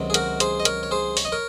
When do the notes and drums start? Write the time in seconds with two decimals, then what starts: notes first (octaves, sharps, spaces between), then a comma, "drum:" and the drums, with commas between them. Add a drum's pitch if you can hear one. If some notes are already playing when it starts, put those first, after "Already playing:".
Already playing: C#2 C3 D#3 F#3
0.10 G#4
0.14 F#4 A#4, drum: hi-hat
0.40 G#4 C5, drum: hi-hat
0.60 D#5
0.65 A#4 C#5, drum: hi-hat
0.83 C#5
0.91 G#4 C5
1.17 C#5, drum: open hi-hat
1.25 D#5
1.32 A#4 C#5